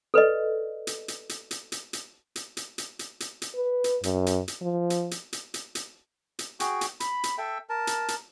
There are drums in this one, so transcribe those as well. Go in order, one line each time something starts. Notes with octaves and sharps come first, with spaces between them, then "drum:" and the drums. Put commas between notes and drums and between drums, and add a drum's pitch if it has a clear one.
A4 B4 D5 D#5
drum: hi-hat
drum: hi-hat
drum: hi-hat
drum: hi-hat
drum: hi-hat
drum: hi-hat
drum: hi-hat
drum: hi-hat
drum: hi-hat
drum: hi-hat
drum: hi-hat
drum: hi-hat
B4
drum: hi-hat
F#2, drum: hi-hat
drum: hi-hat
drum: hi-hat
F3
drum: hi-hat
drum: hi-hat
drum: hi-hat
drum: hi-hat
drum: hi-hat
drum: hi-hat
F#4 G#4 G5, drum: hi-hat
drum: hi-hat
B5, drum: hi-hat
drum: hi-hat
A4 E5 G5
A#4 A5
drum: hi-hat
drum: hi-hat